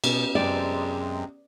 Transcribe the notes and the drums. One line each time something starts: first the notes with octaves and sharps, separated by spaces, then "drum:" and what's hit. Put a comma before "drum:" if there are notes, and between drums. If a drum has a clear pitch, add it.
B2 B3 C#4 G4, drum: cymbal
F#2 C3 G#3 C4 D5